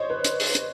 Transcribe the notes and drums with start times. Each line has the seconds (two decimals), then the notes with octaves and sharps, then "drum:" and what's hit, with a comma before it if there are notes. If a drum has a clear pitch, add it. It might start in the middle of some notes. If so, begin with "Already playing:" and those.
Already playing: C5 C#5 D#5
0.10 B4
0.24 drum: hi-hat
0.40 drum: open hi-hat
0.55 drum: hi-hat